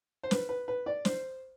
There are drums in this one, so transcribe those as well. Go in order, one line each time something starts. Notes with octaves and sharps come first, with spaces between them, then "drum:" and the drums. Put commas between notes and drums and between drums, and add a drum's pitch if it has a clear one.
C5
B4, drum: snare
B4
B4
D5
C5, drum: snare